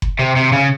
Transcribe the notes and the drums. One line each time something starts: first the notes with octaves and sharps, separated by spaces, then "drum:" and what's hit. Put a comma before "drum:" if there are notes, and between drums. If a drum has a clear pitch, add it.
drum: kick F#1
C3
C3
C#3